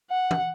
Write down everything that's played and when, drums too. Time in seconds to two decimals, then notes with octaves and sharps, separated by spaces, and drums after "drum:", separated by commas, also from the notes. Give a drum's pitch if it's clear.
0.10 F#5
0.31 drum: tom